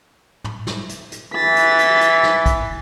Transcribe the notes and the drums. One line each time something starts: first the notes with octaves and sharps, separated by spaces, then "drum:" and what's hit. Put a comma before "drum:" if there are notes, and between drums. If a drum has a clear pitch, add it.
drum: tom
drum: snare
drum: hi-hat
drum: hi-hat
E3 A6 B6
drum: hi-hat
drum: hi-hat
drum: hi-hat
drum: snare
drum: kick B1, hi-hat